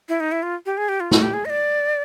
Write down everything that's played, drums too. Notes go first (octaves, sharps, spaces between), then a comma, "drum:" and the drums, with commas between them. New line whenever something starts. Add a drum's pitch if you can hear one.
E4
D#4
E4
F4
G4
G#4
G4
F4
F#4, drum: snare
G4
G#4
D#5
D5